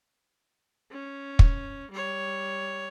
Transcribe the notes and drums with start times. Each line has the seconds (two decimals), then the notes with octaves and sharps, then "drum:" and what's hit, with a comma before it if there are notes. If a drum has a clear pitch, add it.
0.92 C#4
1.39 drum: kick
1.91 G3 C#5